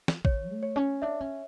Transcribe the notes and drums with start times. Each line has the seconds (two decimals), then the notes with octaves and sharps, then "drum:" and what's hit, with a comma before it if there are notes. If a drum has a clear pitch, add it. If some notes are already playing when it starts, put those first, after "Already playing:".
0.08 drum: snare
0.25 D3 C#5, drum: kick
0.51 A3
0.63 C#5
0.76 C#4
1.02 D4 E5
1.21 C#4